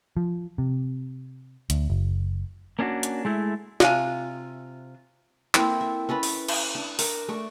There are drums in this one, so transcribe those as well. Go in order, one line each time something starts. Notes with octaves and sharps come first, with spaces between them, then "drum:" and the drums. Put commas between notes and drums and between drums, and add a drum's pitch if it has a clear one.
F3
C3
D2, drum: hi-hat
F#1
A#3 C#4 D4 E4 F#4
drum: hi-hat
G#3 A3 E4
C3 F4 G#5, drum: snare
A#3 C4 E4 A4, drum: clap
E5
C#4 A4 B4 B5
drum: open hi-hat
drum: cymbal
D4
A#4, drum: open hi-hat
A3 D5 C#6